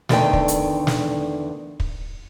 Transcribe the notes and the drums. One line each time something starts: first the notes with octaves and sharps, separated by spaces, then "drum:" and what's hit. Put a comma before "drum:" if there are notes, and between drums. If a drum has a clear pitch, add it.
E2 D3 D#3 F#3 A3 G5, drum: snare
drum: kick
drum: hi-hat
drum: snare
drum: kick